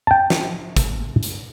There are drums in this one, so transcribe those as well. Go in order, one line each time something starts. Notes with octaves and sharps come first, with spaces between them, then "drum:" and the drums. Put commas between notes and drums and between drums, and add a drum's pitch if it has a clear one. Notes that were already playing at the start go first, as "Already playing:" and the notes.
G5 A5
drum: snare
drum: kick, hi-hat
drum: hi-hat